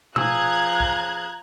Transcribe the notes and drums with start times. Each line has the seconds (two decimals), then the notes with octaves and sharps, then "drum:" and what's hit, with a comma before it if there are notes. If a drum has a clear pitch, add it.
0.16 F3 G#4 A#5 E6 F#6 G#6, drum: tom B2
0.80 drum: kick